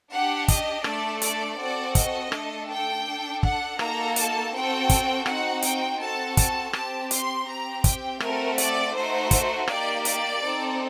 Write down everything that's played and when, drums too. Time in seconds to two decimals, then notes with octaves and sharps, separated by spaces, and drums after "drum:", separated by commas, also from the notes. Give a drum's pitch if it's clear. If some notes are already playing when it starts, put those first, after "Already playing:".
0.12 D4 G4 F#5
0.48 D#5, drum: kick, hi-hat
0.84 A3 D4 A4 D5, drum: rim click
1.22 D5, drum: hi-hat
1.58 C4 F#4 A4 D5
1.95 D#5, drum: kick, hi-hat
2.32 A3 D4 A4, drum: rim click
2.69 G5
3.05 D4 A4
3.43 F#5, drum: kick
3.79 A#3 D#4 F#4 A4 A#5, drum: rim click
4.16 A5, drum: hi-hat
4.53 C4 F#4 A4 G5
4.89 drum: kick, hi-hat
5.26 C4 D#4 F#4 F#5, drum: rim click
5.62 G5, drum: hi-hat
6.00 C4 F#4 A4 A5
6.37 A5, drum: kick, hi-hat
6.73 C4 G4 A5, drum: rim click
7.11 C6, drum: hi-hat
7.47 C4 G4 A#5
7.84 G5, drum: kick, hi-hat
8.20 A3 C4 F#4 A4 A#4, drum: rim click
8.58 D5, drum: hi-hat
8.94 A3 D#4 F#4 A4 C5
9.31 drum: kick, hi-hat
9.68 A#3 D#4 G4 D5, drum: rim click
10.05 D5, drum: hi-hat
10.41 C4 D#4 A4